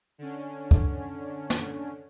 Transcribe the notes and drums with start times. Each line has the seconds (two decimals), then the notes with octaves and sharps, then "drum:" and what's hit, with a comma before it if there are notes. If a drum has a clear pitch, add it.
0.18 D3 C#4
0.71 drum: kick
1.50 drum: snare